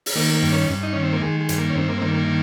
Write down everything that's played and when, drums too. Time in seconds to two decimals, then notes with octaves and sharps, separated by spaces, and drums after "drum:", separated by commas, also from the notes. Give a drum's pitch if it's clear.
0.06 drum: open hi-hat
0.15 D#3 A#3
0.34 A#3
0.42 G2
0.52 C#4
0.69 G2
0.83 D#4
0.93 D#3 C#4
1.03 C4
1.12 A#3
1.22 D#3 G#3
1.40 G#3
1.49 G2, drum: hi-hat
1.58 A#3
1.70 C#4
1.75 G2 C4
1.88 A#3
1.98 C4
2.02 D#3 A#3
2.14 A#3
2.27 D#3